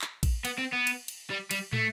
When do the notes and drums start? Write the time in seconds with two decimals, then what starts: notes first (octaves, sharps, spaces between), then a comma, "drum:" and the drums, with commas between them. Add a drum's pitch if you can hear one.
0.02 drum: clap
0.23 drum: kick, cymbal
0.45 B3, drum: cymbal
0.59 C4
0.73 B3
0.87 drum: cymbal
1.08 drum: cymbal
1.30 G3
1.51 G3, drum: cymbal
1.73 A3, drum: tom